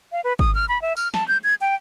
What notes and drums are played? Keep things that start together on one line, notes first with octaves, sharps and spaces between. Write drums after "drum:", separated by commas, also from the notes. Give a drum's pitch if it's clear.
F5
B4
D#6, drum: kick G#1
F6
B5
E5
F6, drum: tambourine
A5, drum: snare
G6
G#6
G5